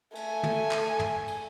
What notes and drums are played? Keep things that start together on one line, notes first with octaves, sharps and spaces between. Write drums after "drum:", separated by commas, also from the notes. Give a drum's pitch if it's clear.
A3 G#5, drum: cymbal
drum: tom
drum: clap
drum: tom
drum: cymbal